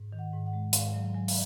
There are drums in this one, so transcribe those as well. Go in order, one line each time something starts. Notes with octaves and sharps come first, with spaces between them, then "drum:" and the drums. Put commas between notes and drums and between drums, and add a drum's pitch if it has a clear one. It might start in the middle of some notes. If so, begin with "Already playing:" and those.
Already playing: G#2
D#3
F#5
G#2
F#5
G#3
G#2 F5, drum: hi-hat
F#3
F#3 G#5
drum: open hi-hat